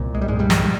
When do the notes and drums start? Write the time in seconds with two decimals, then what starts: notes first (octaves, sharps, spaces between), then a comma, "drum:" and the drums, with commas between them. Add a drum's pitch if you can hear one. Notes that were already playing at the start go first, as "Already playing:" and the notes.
Already playing: C2 A#2
0.15 G#3
0.22 G3
0.28 G#2 G#3
0.39 G2 G3
0.50 drum: snare
0.64 G3